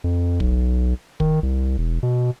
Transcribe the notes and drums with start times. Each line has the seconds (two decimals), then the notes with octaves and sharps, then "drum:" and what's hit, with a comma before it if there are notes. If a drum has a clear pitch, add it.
0.04 F2
0.40 B1, drum: kick
1.20 D#3, drum: kick
1.43 C2
1.78 E1
2.03 B2